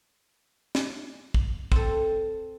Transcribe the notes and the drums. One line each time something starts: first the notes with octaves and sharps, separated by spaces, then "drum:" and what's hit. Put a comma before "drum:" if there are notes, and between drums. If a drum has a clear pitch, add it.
drum: snare
drum: kick
C4 A4, drum: kick